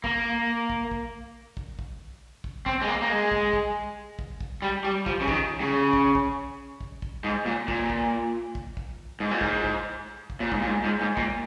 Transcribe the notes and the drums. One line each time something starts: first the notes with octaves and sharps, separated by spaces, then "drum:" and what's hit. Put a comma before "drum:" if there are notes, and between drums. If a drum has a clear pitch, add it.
A#3, drum: kick
drum: kick
drum: kick
drum: kick
drum: kick
drum: kick
C4, drum: kick
G#3
A#3
A#3
G#3
drum: kick
drum: kick
drum: kick
drum: kick
G3
G3
F3, drum: kick
C#3
D#3, drum: kick
C#3
drum: kick
drum: kick
drum: kick
drum: kick
G#2
A#2
A#2, drum: kick
drum: kick
drum: kick
drum: kick
G#2
A#2
G#2, drum: kick
drum: kick
drum: kick
A#2
G#2, drum: kick
A#2
G#2
G#2
G#2
A#2, drum: kick